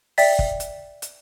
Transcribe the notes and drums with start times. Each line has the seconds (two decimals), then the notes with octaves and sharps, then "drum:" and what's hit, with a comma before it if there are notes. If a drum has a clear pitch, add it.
0.18 D5 E5 G5 A6 B6, drum: open hi-hat
0.39 drum: kick
0.60 drum: hi-hat
1.02 drum: hi-hat